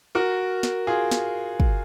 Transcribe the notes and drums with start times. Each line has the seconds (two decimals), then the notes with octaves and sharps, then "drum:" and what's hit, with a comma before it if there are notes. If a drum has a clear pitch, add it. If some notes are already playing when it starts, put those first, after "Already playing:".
0.15 F#4 A#4
0.63 drum: snare
0.87 F4 G#4
1.11 drum: snare
1.60 drum: kick